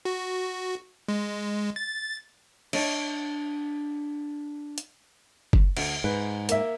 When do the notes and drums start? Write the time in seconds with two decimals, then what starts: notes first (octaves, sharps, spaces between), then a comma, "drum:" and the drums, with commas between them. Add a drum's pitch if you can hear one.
0.05 F#4
1.08 G#3
1.76 A6
2.73 D4 C#5 D#5, drum: cymbal
4.78 drum: hi-hat
5.53 drum: kick F#1
5.77 D2, drum: cymbal
6.04 G#2 B4
6.49 A#3 E5, drum: hi-hat